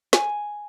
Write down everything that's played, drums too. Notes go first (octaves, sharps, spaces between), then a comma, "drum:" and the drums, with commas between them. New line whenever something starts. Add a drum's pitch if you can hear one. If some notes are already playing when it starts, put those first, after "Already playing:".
G#5, drum: snare